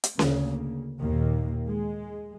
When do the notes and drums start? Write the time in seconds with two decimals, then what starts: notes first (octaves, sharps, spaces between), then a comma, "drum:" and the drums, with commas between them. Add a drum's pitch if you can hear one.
0.04 drum: hi-hat
0.19 D2 C#3 A#3, drum: snare C#4
1.00 D#2 A#2 D#3 A#3
1.67 G#3